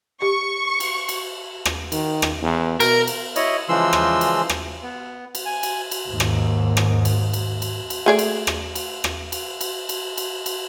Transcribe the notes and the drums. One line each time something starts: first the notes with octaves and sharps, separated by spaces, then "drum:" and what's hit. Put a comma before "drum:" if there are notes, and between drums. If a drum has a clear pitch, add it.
G4 C#6
drum: cymbal
drum: cymbal
drum: rim click
D#3, drum: cymbal
drum: rim click
E2
B2 A#4, drum: cymbal
drum: cymbal
E4 C#5 D#5, drum: cymbal
C#3 E3 F3 G#3 C6 E6
drum: rim click
drum: cymbal
drum: rim click
B3
drum: cymbal
G#5
drum: cymbal
drum: cymbal
D#2 G#2
drum: rim click
drum: rim click
drum: cymbal
drum: cymbal
drum: cymbal
drum: cymbal
A3 G#4 D5
drum: cymbal
drum: rim click
drum: cymbal
drum: rim click
drum: cymbal
drum: cymbal
drum: cymbal
drum: cymbal
drum: cymbal